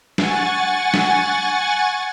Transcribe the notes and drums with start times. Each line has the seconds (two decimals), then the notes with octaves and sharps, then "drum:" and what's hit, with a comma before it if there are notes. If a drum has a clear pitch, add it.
0.18 F#5 G#5 C#6 A6, drum: snare
0.94 drum: snare